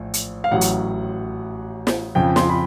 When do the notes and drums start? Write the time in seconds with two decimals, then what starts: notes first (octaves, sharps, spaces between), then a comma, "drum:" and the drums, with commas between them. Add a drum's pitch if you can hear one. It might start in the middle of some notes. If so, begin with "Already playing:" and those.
Already playing: A#1 A2
0.14 drum: hi-hat
0.44 F5
0.51 A1 A2 F#3 F#5
0.61 drum: hi-hat
1.87 drum: snare
2.15 F2 C#3 F3 G5
2.36 C6, drum: snare
2.50 B5